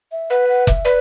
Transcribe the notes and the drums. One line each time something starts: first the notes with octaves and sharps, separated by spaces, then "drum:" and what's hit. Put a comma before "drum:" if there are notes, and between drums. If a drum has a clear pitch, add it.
E5
B4 F#5
F#5
E5, drum: kick F1
B4 D5